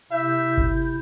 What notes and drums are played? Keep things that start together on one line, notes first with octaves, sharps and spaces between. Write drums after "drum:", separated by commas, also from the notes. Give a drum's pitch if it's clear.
C3 E4 E5 G6
drum: kick G1